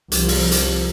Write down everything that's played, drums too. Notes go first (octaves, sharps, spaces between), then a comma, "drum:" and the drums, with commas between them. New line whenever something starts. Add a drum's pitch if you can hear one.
C2 F3, drum: hi-hat
drum: open hi-hat
drum: hi-hat